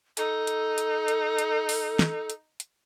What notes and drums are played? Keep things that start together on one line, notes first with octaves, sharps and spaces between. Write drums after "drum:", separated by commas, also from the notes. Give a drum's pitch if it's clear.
D#4 A4, drum: hi-hat
drum: hi-hat
drum: hi-hat
drum: hi-hat
drum: hi-hat
drum: open hi-hat
drum: snare
drum: hi-hat
drum: hi-hat